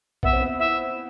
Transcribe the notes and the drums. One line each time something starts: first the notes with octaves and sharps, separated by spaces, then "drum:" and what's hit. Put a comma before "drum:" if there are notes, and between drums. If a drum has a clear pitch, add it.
B3 E5, drum: kick A#1
C4
B3
E4 E5